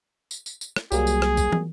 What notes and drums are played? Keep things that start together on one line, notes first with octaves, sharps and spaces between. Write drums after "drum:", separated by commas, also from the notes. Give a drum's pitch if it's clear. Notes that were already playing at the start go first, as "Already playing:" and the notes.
drum: tambourine
drum: tambourine
drum: tambourine
drum: rim click
C2 F#3 G3 A#3 G#4, drum: tambourine
drum: tambourine
drum: rim click
drum: kick, tambourine
drum: tom